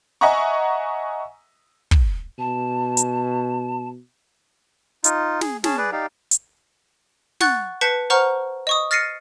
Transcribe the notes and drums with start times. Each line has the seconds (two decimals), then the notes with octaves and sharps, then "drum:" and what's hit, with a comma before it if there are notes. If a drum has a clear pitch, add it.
0.21 D#5 E5 F#5 G#5 A#5 C#6
1.91 drum: kick
2.39 B2 A5
2.97 drum: hi-hat
5.04 D#4 F4, drum: hi-hat
5.41 G#4, drum: snare
5.64 C#4 G#4 A5, drum: snare
5.77 G#4 B4 D5
5.92 D#4 G4 D5 F5
6.31 drum: hi-hat
7.41 F#5 C#6 F#6 A6, drum: snare
7.81 B4 A5 G6 B6 C#7
8.10 C5 F#5 A#5 C#6 F6
8.67 D#5 C#6 D#6
8.91 F6 A6 A#6 C7 C#7 D#7